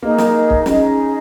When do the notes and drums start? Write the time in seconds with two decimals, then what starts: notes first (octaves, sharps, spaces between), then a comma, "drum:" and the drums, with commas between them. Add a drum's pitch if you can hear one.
0.03 A#3 D#4 G#4 D#5
0.18 drum: snare
0.50 drum: kick
0.66 C#4 D#4 G#4 D#5, drum: snare